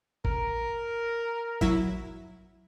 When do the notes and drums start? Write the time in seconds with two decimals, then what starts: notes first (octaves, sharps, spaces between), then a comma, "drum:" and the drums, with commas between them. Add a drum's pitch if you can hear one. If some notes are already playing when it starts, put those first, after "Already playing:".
0.25 A#4, drum: kick G#1
1.61 F#3 E4 E5, drum: kick G#1